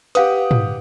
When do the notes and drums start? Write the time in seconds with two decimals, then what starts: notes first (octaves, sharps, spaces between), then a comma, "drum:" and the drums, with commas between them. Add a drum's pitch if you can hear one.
0.15 G4 B4 F5 F#5 D#6, drum: hi-hat
0.51 drum: tom